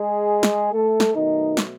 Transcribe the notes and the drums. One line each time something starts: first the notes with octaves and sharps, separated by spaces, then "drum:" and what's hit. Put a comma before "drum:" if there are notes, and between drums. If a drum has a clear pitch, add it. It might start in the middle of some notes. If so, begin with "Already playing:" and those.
Already playing: G#3 G#4
drum: snare
A3 A4
drum: snare
B2 D#3 F#3 A3 D#4
drum: snare